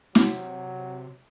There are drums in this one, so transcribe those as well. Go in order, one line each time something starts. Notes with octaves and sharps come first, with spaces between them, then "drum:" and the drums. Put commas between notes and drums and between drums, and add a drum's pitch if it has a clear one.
C3 F#3, drum: snare